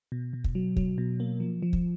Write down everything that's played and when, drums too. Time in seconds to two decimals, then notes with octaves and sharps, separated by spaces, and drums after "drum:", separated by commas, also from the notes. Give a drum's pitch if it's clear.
0.12 B2
0.33 B2
0.44 drum: kick
0.55 F#3
0.77 F#3, drum: kick
0.98 B2
1.20 A#3
1.40 F3
1.62 F3
1.73 drum: kick